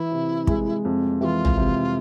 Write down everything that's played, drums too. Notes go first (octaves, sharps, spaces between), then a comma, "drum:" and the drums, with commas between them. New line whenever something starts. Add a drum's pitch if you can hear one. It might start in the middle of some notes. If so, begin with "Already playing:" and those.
Already playing: E3 E4
C3
G#3, drum: kick
F2
E3 F4 G4
drum: tom
C3